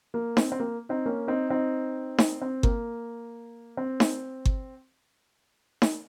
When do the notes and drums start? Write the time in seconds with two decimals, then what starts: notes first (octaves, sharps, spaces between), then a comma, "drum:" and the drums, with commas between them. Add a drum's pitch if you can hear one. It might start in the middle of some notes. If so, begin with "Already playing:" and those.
0.14 A#3
0.37 C4, drum: snare D#4
0.52 C4
0.60 A#3
0.89 C4 D#4
1.05 A#3 C#4
1.28 C4 D#4
1.50 C4 D#4
2.18 drum: snare D#4
2.42 C4
2.63 A#3, drum: kick G1
3.77 C4
4.00 drum: snare D#4
4.45 drum: kick G1
5.82 drum: snare D#4